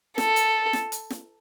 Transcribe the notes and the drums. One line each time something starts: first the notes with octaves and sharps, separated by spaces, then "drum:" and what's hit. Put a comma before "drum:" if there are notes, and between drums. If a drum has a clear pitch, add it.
A4, drum: snare
drum: hi-hat
drum: snare
drum: hi-hat
drum: snare